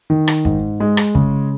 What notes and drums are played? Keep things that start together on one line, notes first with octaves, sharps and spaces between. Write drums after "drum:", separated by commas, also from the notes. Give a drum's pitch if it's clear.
D#3
drum: rim click
G#2, drum: kick
G#3
drum: rim click
C#3, drum: kick